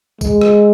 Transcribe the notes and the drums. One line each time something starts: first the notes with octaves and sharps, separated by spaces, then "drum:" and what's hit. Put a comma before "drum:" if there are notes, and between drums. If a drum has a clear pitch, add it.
G#3, drum: kick, tambourine
drum: rim click